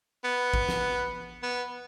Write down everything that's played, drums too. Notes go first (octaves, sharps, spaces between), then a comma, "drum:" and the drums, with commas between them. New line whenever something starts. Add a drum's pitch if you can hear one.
B3
drum: kick G#1
drum: snare
B3